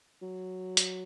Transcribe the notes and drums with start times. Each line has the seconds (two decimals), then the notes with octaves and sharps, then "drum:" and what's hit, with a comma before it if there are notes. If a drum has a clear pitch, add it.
0.22 F#3
0.77 drum: hi-hat